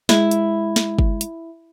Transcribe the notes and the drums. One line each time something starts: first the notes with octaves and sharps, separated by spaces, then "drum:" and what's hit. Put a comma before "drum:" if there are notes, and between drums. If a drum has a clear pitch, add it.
G#3 E4, drum: snare
drum: hi-hat
drum: snare
drum: kick
drum: hi-hat